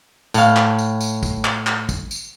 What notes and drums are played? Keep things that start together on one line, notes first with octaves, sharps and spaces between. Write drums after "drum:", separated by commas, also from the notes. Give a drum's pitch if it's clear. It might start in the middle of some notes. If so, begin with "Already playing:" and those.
A2 F5, drum: tambourine
drum: clap
drum: tambourine
drum: tambourine
drum: kick, tambourine
drum: clap
drum: clap
drum: kick, tambourine
drum: tambourine